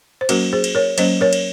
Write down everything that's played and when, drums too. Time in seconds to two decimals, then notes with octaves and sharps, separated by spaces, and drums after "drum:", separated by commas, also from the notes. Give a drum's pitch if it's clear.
0.21 C5
0.29 F#3 A#3 C#4 F#4 A#4, drum: cymbal
0.53 G#4 C5
0.64 drum: cymbal
0.75 A#4 C#5
0.98 F#3 A#3 C#4 C5 D#5, drum: cymbal
1.21 A#4 C#5
1.33 drum: cymbal